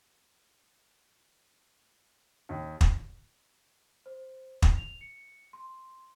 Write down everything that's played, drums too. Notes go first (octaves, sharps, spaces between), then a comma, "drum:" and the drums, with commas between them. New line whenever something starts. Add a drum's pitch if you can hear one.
D#2
drum: kick
C5
drum: kick
F7
C#7
C6